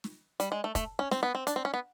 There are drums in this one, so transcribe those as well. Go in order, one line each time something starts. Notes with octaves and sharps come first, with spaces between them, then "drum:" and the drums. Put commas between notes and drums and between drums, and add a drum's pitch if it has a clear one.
drum: snare
G3, drum: hi-hat
G#3
A3
A3, drum: kick, hi-hat
C#4
C4, drum: snare
B3
C4
D4, drum: hi-hat
C4
C#4
B3